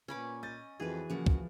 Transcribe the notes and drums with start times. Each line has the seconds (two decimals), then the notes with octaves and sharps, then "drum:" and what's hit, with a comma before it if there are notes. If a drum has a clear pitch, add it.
0.08 A#2 B3 C#4 B5 D6
0.43 D#5 G6 A6
0.80 F2 E3 F#4 G#4 B4
1.10 C#3 E3 F3 A#3 F#4
1.26 drum: kick